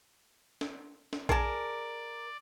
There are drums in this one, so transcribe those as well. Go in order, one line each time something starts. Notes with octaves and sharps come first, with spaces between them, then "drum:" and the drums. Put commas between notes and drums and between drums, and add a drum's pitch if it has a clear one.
drum: snare
drum: snare
G#4 A#4 D5 A5, drum: kick A#1